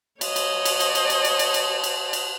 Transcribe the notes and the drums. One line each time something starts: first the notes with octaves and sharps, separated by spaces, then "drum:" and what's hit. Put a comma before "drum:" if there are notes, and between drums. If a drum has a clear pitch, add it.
C#5 D#5, drum: cymbal
drum: cymbal
drum: cymbal
drum: cymbal
drum: cymbal
drum: cymbal
drum: cymbal
drum: cymbal
drum: cymbal
drum: cymbal
drum: cymbal